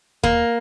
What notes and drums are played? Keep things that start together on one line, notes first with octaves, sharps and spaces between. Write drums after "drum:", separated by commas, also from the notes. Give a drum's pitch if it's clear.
A#3, drum: kick D#2